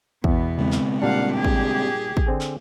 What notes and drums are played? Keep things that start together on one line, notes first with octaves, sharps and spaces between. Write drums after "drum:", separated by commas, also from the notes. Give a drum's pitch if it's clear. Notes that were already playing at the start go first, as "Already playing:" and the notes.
E2 B2 B3, drum: kick
C#3 G#3 C4
drum: clap
A#2 G3 D4 F5 F#5
G4 G#4
drum: kick
drum: kick
D3 C4 G#4
drum: clap